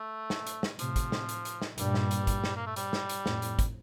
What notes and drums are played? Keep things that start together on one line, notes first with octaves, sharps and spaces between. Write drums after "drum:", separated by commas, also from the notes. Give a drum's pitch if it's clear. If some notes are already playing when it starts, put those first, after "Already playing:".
Already playing: A3
drum: snare
drum: hi-hat
drum: snare
A2 C3 F3, drum: hi-hat
drum: kick, hi-hat
drum: snare
drum: hi-hat
drum: hi-hat
drum: snare
G2 A#2 G3, drum: hi-hat
drum: snare
drum: hi-hat
drum: kick, hi-hat
drum: snare
A#3
A3
G3, drum: hi-hat
drum: snare
drum: hi-hat
F2 A2, drum: snare
drum: hi-hat
drum: kick, hi-hat